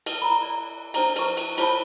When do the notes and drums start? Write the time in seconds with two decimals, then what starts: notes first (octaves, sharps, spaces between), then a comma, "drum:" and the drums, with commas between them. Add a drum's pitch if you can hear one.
0.06 B4, drum: cymbal
0.22 A#5 B5
0.43 D5
0.94 D4 C5 A#5, drum: cymbal
1.16 B4 C#6, drum: cymbal
1.37 drum: cymbal
1.58 F4 C5 C#5 A5 B5, drum: cymbal